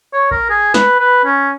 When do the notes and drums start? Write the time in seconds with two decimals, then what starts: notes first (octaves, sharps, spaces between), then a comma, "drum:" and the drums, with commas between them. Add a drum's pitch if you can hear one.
0.13 C#5
0.31 A#4, drum: kick A#1
0.50 G#4
0.74 B4, drum: snare
0.99 B4
1.25 C#4